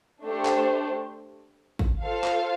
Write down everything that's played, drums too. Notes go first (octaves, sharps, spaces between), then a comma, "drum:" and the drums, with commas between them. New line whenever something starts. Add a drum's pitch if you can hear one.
A3 D4 G4 C5
drum: clap
drum: kick
F4 A4 C5 F5
drum: clap